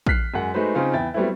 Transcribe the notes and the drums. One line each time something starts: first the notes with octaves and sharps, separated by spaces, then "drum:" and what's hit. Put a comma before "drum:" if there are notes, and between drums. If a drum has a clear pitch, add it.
F6 F#6 B6 C7, drum: kick A#1
F#2 G#3 F#5
G#3 A3 D#4 F#4 B4 C5
C#3 C4 D#4 F4
E2 E4 G5 A6
F#3 G3 A3 B3 C4 E4